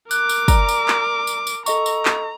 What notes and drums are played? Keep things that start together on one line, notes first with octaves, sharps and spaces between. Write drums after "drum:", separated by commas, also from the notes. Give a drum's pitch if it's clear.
A#4 D6 F#6, drum: tambourine
drum: tambourine
D5 A#5, drum: kick, tambourine
drum: tambourine
drum: clap
drum: tambourine
drum: tambourine
A4 D#5 A#5 C#6, drum: tambourine
drum: tambourine
drum: clap